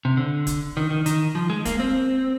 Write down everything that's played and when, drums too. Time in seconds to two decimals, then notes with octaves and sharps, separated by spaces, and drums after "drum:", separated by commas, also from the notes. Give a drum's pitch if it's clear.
0.05 C3
0.17 D3
0.47 drum: kick, hi-hat
0.77 D#3
0.90 D#3
1.06 D#3, drum: hi-hat
1.35 F3
1.50 G#3
1.65 A#3, drum: kick, hi-hat
1.80 C4